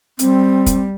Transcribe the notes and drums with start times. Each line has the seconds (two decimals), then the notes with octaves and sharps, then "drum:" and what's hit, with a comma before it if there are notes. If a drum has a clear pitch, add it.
0.19 G3 C4, drum: hi-hat
0.66 drum: kick, hi-hat